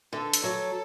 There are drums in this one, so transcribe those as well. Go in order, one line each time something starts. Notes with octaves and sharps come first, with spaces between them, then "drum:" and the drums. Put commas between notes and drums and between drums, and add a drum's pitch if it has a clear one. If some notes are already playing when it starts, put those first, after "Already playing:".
D3 A4
drum: hi-hat
F#3